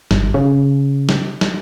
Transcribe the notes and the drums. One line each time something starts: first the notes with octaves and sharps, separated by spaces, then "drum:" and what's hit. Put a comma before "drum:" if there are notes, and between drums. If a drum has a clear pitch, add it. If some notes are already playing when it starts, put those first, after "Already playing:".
G1, drum: snare
C#3
drum: snare
drum: snare